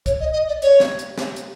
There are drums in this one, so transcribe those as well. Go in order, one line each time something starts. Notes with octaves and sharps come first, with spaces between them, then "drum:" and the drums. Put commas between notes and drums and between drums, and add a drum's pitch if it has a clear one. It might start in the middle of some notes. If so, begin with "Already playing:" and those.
C#5, drum: kick, hi-hat
D#5
D#5
D5
C#5, drum: hi-hat
drum: snare
drum: hi-hat
drum: snare
drum: hi-hat